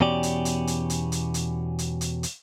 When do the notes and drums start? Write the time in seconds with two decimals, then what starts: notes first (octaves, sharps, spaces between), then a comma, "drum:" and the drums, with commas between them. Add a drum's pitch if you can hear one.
0.01 E2 B2 C#4 G4 D5
0.23 drum: hi-hat
0.45 drum: hi-hat
0.67 drum: hi-hat
0.90 drum: hi-hat
1.12 drum: hi-hat
1.34 drum: hi-hat
1.79 drum: hi-hat
2.01 drum: hi-hat
2.23 drum: hi-hat